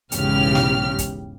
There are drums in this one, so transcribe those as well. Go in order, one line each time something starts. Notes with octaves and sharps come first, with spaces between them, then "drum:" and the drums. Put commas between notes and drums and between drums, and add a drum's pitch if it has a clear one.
B1 E2 G#2 C#3 G4 F6, drum: hi-hat
drum: snare
drum: kick, hi-hat